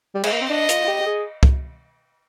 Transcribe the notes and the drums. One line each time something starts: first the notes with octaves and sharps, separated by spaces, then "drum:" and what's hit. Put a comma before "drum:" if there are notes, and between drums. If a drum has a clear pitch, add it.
G3
G#3, drum: cymbal
A#3
C4
D4 D#5
F4, drum: hi-hat
F4
G4
G4
G#4
drum: kick